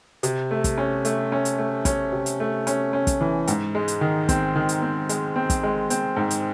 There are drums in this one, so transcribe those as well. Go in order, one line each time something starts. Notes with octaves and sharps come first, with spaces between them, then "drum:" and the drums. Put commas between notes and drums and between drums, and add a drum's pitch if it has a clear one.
C3, drum: hi-hat
A3
drum: kick, hi-hat
C#4
A3, drum: hi-hat
C#4
drum: hi-hat
A3
C#4, drum: kick, hi-hat
C3
drum: hi-hat
A3
C#4, drum: hi-hat
C#4
drum: kick, hi-hat
E3
G#2, drum: hi-hat
G#3
drum: hi-hat
D#3
C4, drum: kick, hi-hat
D#3
drum: hi-hat
C4
G#3, drum: hi-hat
C4
drum: kick, hi-hat
G#3
C4, drum: hi-hat
G#2
drum: hi-hat